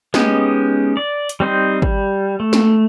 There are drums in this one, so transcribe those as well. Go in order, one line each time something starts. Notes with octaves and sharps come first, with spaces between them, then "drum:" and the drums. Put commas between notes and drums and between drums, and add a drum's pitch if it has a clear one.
G#3 B3 C#4 D#4 G4, drum: snare
D5
drum: hi-hat
G3 C4 D#4 C5
G3, drum: kick G#1
A3
drum: snare